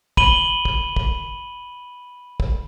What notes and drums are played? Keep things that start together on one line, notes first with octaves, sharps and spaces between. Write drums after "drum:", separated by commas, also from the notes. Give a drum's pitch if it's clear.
B5 D#7 F#7 G7, drum: kick
drum: kick
drum: kick
drum: kick